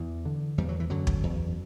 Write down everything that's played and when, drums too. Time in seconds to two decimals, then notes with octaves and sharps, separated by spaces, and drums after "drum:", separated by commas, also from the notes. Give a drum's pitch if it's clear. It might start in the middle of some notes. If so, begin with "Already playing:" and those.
Already playing: E2 E3
0.25 D3
0.58 E2 G3
0.69 F#3
0.80 E3
0.90 F#2 D3 F#3
1.07 drum: kick
1.23 E2